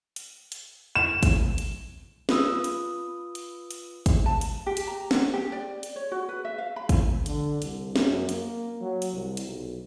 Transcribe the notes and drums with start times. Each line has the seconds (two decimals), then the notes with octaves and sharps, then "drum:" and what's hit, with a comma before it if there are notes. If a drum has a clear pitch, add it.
0.16 drum: hi-hat
0.52 drum: hi-hat
0.95 E7
1.23 drum: kick, hi-hat
1.58 drum: hi-hat
2.29 F4 B4 D#6 E6, drum: snare
2.64 drum: hi-hat
3.35 drum: hi-hat
3.71 drum: hi-hat
4.06 drum: kick, hi-hat
4.26 A5
4.41 drum: hi-hat
4.67 G4
4.77 drum: hi-hat
4.87 A#5
5.11 F#5, drum: snare
5.33 G4
5.52 D5
5.83 drum: hi-hat
5.96 C#5
6.12 F#4
6.29 B4
6.45 E5
6.58 F5
6.76 B5
6.89 drum: kick, hi-hat
7.26 D3, drum: hi-hat
7.62 C2, drum: hi-hat
7.96 F#2, drum: snare
8.29 A#3, drum: hi-hat
8.81 F#3
9.02 drum: hi-hat
9.13 C2
9.37 drum: hi-hat
9.47 B1